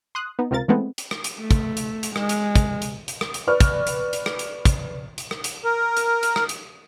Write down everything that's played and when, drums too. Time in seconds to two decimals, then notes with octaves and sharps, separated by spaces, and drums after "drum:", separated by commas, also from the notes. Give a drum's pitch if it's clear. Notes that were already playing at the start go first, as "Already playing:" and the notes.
0.15 C6 D#6 F#6
0.39 B3 D#4
0.51 C#2 C3 F4 A#4 A6
0.68 E3 G#3 A3 B3 C4
0.98 drum: hi-hat
1.11 drum: rim click
1.24 drum: hi-hat
1.40 A3
1.51 drum: kick, hi-hat
1.77 drum: hi-hat
2.03 drum: hi-hat
2.16 G#3, drum: rim click
2.29 drum: hi-hat
2.56 drum: kick, hi-hat
2.82 drum: hi-hat
3.08 drum: hi-hat
3.21 drum: rim click
3.34 drum: hi-hat
3.47 B4 D5 C#6 F6
3.60 drum: kick, hi-hat
3.87 drum: hi-hat
4.13 drum: hi-hat
4.26 drum: rim click
4.39 drum: hi-hat
4.65 drum: kick, hi-hat
5.18 drum: hi-hat
5.31 drum: rim click
5.44 drum: hi-hat
5.65 A#4
5.97 drum: hi-hat
6.23 drum: hi-hat
6.36 drum: rim click
6.49 drum: hi-hat